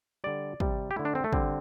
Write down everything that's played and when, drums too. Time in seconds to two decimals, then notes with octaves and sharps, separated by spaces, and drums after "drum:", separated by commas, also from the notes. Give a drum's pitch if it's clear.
0.24 D3 G3 D5
0.60 C3 G3, drum: kick
0.91 G4
0.96 D3 A3 E4
1.05 D4
1.15 C4
1.24 A3
1.33 D3 G3 C4, drum: kick